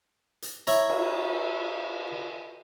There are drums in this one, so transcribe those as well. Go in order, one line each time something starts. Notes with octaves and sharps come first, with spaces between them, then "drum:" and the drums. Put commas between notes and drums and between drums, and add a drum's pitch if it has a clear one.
drum: hi-hat
E4 C#5 A#5, drum: hi-hat
drum: cymbal